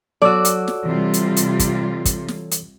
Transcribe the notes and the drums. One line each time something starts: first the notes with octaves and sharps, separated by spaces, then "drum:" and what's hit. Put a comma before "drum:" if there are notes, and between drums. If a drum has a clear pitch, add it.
F#3 F#4 A4 C#5 D5 E6
drum: hi-hat
drum: snare
C3 E3 G3 F4
drum: hi-hat
drum: hi-hat
drum: kick, hi-hat
drum: kick, hi-hat
drum: snare
drum: hi-hat